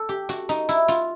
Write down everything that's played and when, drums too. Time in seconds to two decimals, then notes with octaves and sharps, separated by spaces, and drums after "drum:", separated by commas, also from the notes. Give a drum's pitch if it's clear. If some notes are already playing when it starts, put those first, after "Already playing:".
Already playing: A4
0.09 G4
0.29 F#4, drum: hi-hat
0.49 D#4, drum: hi-hat
0.69 E4, drum: hi-hat
0.88 F4, drum: hi-hat